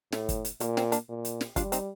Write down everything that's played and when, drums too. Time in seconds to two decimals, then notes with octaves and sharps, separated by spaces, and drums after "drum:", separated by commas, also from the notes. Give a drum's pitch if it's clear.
0.12 A2 A3, drum: snare
0.29 drum: kick, hi-hat
0.45 drum: hi-hat
0.60 A#2 A#3, drum: hi-hat
0.77 C4, drum: snare
0.92 A#3 D4, drum: hi-hat
1.09 A#2
1.25 drum: hi-hat
1.41 drum: snare
1.56 G3 D4 F4, drum: kick, hi-hat
1.72 C4 D#4, drum: hi-hat